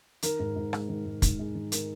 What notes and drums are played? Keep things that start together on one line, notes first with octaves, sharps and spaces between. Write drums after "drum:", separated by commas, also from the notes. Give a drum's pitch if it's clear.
D#3 A#4, drum: hi-hat
G#2
G#2
G#3, drum: rim click
D#3
G#2
G#2, drum: kick, hi-hat
G#3
D#3
A#4, drum: hi-hat